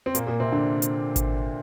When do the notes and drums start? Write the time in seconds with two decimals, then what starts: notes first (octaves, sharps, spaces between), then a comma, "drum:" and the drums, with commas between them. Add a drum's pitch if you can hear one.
0.06 C4
0.15 A#2 A#3, drum: hi-hat
0.27 A#2 A#3
0.40 C3 C4
0.52 D3 D4
0.82 drum: hi-hat
1.16 drum: kick G#1, hi-hat